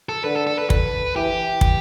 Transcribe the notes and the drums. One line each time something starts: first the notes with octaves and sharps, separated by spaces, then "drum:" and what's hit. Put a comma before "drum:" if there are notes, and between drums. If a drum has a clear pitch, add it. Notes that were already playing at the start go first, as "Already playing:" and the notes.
A4
D3 B4
A4
A4
B4
B4, drum: kick
E3 G4
drum: kick